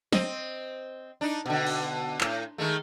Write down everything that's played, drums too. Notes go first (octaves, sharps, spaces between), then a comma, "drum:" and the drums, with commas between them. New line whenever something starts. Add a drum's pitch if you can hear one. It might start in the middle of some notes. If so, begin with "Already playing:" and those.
C4 D#5, drum: snare
D4 D#4
B2 D3
drum: cymbal
A2, drum: clap
D#3 G#3 A3